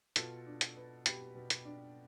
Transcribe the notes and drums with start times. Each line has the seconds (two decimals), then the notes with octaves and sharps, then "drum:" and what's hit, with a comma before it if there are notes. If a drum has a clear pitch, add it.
0.16 B2 F4 A4, drum: hi-hat
0.46 D4
0.61 drum: hi-hat
0.76 B3
1.06 B2 G4 B4, drum: hi-hat
1.35 B2
1.50 drum: hi-hat
1.65 D4